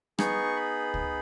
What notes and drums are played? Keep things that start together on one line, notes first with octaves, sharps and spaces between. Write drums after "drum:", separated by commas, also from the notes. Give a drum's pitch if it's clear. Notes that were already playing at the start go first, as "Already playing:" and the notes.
B3 D#4 G#4 C#6, drum: rim click
B5
drum: kick C#2